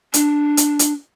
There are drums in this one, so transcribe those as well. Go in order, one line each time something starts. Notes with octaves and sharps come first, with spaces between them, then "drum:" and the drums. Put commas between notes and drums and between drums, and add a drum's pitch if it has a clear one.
D4, drum: hi-hat
drum: hi-hat
drum: hi-hat